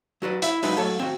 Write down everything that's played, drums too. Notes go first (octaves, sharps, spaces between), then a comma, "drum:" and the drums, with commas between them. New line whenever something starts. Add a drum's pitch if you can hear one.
F#3 F#4 B4 D5
E4 E5, drum: hi-hat
F#3 G#3 D#4 B4 B5, drum: open hi-hat
F#3 A3 A4 C#5
C4 F#4